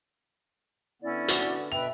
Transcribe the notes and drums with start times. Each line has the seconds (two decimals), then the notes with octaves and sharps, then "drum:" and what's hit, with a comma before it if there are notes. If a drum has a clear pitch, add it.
1.02 D3 B3 C#4 E4 D5
1.28 F#4, drum: hi-hat
1.72 B2 B4 E5 G5 F7